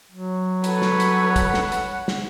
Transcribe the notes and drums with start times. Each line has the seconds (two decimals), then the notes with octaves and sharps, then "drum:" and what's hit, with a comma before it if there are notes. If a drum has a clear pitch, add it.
0.12 F#3
0.64 A4 B4 C#5 F#5, drum: hi-hat
0.82 drum: snare
1.00 drum: hi-hat
1.36 drum: kick, hi-hat
1.54 drum: snare
1.72 drum: hi-hat
2.08 drum: snare